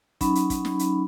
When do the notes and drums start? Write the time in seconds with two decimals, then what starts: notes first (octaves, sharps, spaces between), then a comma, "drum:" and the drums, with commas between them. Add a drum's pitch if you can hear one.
0.21 F#3 C#4 D#4 B5, drum: kick, hi-hat
0.35 drum: hi-hat
0.50 drum: kick, hi-hat
0.65 drum: snare
0.79 drum: hi-hat